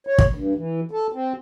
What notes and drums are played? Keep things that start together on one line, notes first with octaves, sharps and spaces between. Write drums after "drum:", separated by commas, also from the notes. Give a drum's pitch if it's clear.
C#5
drum: kick
G2
E3
A4
C4